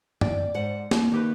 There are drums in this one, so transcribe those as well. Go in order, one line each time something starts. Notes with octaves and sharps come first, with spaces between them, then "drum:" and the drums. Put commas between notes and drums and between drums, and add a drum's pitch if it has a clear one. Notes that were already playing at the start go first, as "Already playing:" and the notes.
D5 G5, drum: tom F#2
G#2 C5 F#5
D#2 A#3, drum: snare
D#3 F#4 G4 B4